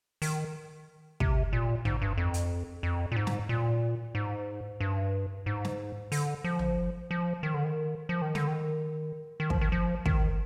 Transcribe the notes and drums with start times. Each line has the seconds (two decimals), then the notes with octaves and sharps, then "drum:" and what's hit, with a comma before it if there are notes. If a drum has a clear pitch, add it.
0.22 D#3, drum: open hi-hat
1.20 C3, drum: kick
1.53 A#2
1.85 G#2, drum: tom
2.02 G2
2.18 F2
2.34 drum: hi-hat
2.83 F2
3.12 A#2
3.16 G#2
3.27 drum: snare
3.49 A#2
4.15 G#2
4.80 G2
5.46 G#2
5.65 drum: snare
6.12 D3, drum: open hi-hat
6.44 F3
6.59 drum: tom
7.11 F3
7.43 D#3
7.54 D3
7.64 D#3
8.09 F3
8.22 D#3
8.35 D3, drum: snare
8.48 D#3
9.40 D#3
9.50 F3, drum: kick
9.61 D#3
9.72 F3
10.06 D#3, drum: kick